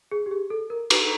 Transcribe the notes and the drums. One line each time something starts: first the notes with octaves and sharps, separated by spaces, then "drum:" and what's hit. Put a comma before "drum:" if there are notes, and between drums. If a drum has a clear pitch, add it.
G#4
G4
G#4
A4
A#4
B4, drum: cymbal